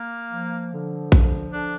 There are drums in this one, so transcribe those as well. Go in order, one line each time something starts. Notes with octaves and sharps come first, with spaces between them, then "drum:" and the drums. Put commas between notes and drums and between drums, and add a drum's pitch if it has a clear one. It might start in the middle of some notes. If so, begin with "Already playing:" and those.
Already playing: A#3
F3
D3
F3, drum: kick A#1
D3 D4